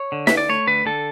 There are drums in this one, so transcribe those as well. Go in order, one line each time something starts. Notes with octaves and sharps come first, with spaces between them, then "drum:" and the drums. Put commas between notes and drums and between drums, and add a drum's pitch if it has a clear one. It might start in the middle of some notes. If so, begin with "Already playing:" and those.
Already playing: C#5
D3
D3 E5, drum: snare
D5
A3 C#5
D3 B4
D3 A4